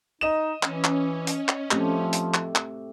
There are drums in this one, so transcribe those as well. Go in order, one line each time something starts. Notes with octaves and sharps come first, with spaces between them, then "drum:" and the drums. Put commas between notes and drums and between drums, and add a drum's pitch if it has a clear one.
D#4 D#5 E7
E3 C#4, drum: clap
drum: clap
drum: hi-hat
drum: clap
F3 A3 C4 G4, drum: clap
drum: hi-hat
drum: clap
drum: clap